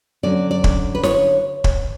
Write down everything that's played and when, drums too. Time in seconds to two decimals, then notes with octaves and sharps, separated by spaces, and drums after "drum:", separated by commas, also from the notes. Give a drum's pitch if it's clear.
0.23 D3 F#3 C#4 D5
0.51 D5
0.64 drum: kick
0.95 B4
1.03 C#5, drum: snare
1.64 drum: kick